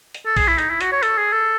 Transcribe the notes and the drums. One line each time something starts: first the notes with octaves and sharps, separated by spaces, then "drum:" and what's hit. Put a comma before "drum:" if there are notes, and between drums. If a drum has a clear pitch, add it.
drum: hi-hat
A4
G#4, drum: kick A#1, open hi-hat
E4
D#4, drum: hi-hat
E4
F#4, drum: hi-hat
C#5
A4, drum: hi-hat
G#4
A4